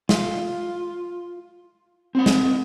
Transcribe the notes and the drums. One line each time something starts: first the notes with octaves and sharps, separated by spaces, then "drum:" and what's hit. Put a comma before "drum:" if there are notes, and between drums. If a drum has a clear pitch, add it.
F4, drum: snare
C4 F#5
drum: snare